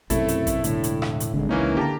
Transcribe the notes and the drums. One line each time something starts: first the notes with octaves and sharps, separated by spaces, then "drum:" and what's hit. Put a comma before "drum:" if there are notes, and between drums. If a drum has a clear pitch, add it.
B1 F#2 C3 A3 E4 A4, drum: kick, hi-hat
drum: hi-hat
drum: kick, hi-hat
E1 A2 D3, drum: hi-hat
drum: hi-hat
drum: rim click
drum: hi-hat
G#1 D3 E3 G#3
C#2 E3 A#3 C#4 D#4
D3 G4 A5 A#5